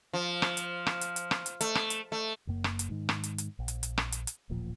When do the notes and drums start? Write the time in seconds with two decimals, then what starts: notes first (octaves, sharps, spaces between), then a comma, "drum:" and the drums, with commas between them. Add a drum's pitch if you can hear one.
0.13 F3
0.42 drum: rim click
0.57 drum: hi-hat
0.87 drum: rim click
1.01 drum: hi-hat
1.16 drum: hi-hat
1.31 drum: rim click
1.46 drum: hi-hat
1.61 A3, drum: hi-hat
1.75 drum: rim click
1.90 drum: hi-hat
2.12 A3
2.47 F#1 F#2 A#3
2.64 drum: rim click
2.79 drum: hi-hat
2.89 G#2 D#3
3.09 drum: rim click
3.24 drum: hi-hat
3.38 drum: hi-hat
3.59 A#1
3.68 drum: hi-hat
3.83 drum: hi-hat
3.98 drum: rim click
4.12 drum: hi-hat
4.27 drum: hi-hat
4.50 D#1 A1 A#2 F3